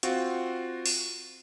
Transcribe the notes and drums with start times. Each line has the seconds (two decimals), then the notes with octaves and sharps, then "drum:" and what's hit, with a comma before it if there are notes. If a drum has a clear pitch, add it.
0.03 C4 F4 F#4, drum: hi-hat
0.86 drum: open hi-hat